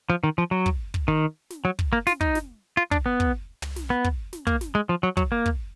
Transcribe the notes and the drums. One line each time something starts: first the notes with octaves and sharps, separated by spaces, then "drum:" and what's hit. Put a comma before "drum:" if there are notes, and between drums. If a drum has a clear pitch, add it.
F3
D#3
F3
F#3
drum: kick
drum: kick
D#3
drum: snare
F#3
drum: kick
A#3
F4, drum: snare
D#4, drum: kick
drum: snare
F4
D4, drum: kick
B3
drum: kick
drum: tom
drum: snare
B3
drum: kick
drum: snare
A#3, drum: kick
drum: snare
G#3
F3
F#3
F#3, drum: kick
A#3
drum: kick